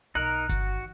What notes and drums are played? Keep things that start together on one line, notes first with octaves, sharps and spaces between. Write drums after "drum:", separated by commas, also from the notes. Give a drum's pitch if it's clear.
B1 D#4 A#4 F#6
D#3 F#4, drum: kick G1, hi-hat